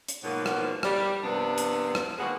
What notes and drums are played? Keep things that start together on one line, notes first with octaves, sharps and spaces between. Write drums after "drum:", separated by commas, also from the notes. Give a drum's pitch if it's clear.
drum: hi-hat
G#2 B2 F3 F#3 A#3 B3
drum: rim click
G3, drum: rim click
G2 C3 F3 A#3 B3 D4
drum: hi-hat
drum: rim click
D#3 G#3 A#3 B3 F#4